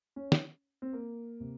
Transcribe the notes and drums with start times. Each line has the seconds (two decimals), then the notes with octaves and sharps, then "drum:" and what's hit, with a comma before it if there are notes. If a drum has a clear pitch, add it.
0.16 C#4
0.32 drum: snare
0.82 C4
0.93 A#3
1.40 C3